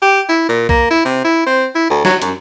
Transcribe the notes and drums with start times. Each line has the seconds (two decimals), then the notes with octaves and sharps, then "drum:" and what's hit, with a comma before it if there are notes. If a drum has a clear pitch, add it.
0.02 G4
0.29 E4
0.49 A#2
0.69 A#3, drum: kick B1
0.90 E4
1.05 C3
1.24 E4
1.46 C4
1.75 E4
1.90 D2
2.05 F#3, drum: snare
2.22 F#2, drum: hi-hat